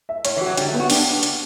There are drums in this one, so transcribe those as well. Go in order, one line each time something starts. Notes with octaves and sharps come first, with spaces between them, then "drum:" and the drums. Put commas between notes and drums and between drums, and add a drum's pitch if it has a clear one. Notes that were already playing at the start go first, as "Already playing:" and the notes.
E5
A2 C#5, drum: hi-hat
E3
F#4
F#3
D3 G3, drum: hi-hat
A3
B3
F#4
D4 G4, drum: open hi-hat
drum: hi-hat